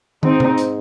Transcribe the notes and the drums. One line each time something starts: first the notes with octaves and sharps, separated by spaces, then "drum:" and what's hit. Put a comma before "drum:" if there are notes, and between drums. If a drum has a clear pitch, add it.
G#2 C4 D#4, drum: tom
drum: tom C3
drum: hi-hat